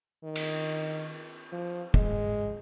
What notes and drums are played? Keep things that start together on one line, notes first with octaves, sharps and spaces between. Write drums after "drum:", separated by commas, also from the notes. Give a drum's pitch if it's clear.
D#3
drum: cymbal
F3
G#3, drum: kick